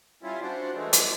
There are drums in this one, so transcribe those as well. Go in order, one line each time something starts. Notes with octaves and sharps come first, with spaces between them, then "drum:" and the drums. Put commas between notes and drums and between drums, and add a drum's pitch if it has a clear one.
G3 C#4 E4 F4
D4 F#4 C5 D5
E3 G#3 A3
drum: hi-hat